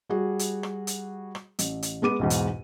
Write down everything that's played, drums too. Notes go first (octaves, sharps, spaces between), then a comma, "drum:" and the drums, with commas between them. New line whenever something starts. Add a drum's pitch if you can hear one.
G3 F#4 G#4
drum: hi-hat
drum: rim click
drum: hi-hat
drum: rim click
A1, drum: hi-hat
drum: hi-hat
G#3 B3 D6 D#7
B1 E2 G#2
drum: hi-hat